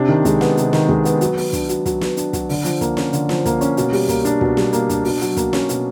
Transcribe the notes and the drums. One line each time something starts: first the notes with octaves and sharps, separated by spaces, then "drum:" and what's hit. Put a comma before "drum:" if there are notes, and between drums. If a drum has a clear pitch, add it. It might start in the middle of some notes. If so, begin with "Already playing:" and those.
Already playing: C3 D4
D#3
G#3, drum: kick, hi-hat
B3, drum: snare
C3, drum: hi-hat
D#3, drum: snare
G#3, drum: kick
B3, drum: hi-hat
F#3, drum: hi-hat
B3, drum: open hi-hat
D4, drum: kick, hi-hat
F#3, drum: hi-hat
F#3, drum: kick, hi-hat
B3, drum: snare
D4, drum: hi-hat
F#3, drum: kick, hi-hat
D3, drum: open hi-hat
F3, drum: hi-hat
A#3, drum: kick, hi-hat
C#4, drum: snare
D3, drum: hi-hat
F3, drum: snare
A#3, drum: kick, hi-hat
C#4, drum: hi-hat
B2, drum: hi-hat
G3, drum: open hi-hat
A#3, drum: kick, hi-hat
D4, drum: hi-hat
B2, drum: kick
G3, drum: snare
A#3, drum: hi-hat
D4, drum: kick, hi-hat
B2, drum: open hi-hat
F#3, drum: hi-hat
A#3, drum: kick, hi-hat
C#4, drum: snare
B2, drum: hi-hat